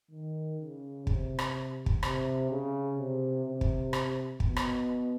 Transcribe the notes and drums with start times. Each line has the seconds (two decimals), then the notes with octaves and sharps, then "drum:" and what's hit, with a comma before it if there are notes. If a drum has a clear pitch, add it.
0.11 D#3
0.59 C#3
1.07 C3, drum: kick
1.39 drum: rim click
1.86 drum: kick
2.03 C3, drum: rim click
2.50 C#3
2.98 C3
3.45 C3
3.61 drum: kick
3.93 drum: rim click
4.40 B2, drum: kick
4.56 drum: rim click